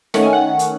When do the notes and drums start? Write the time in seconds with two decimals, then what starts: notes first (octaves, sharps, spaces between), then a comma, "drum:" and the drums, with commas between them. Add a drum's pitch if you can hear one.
0.14 D#3 A3 C#4 F#5, drum: snare
0.23 G#5
0.33 F#5
0.59 drum: hi-hat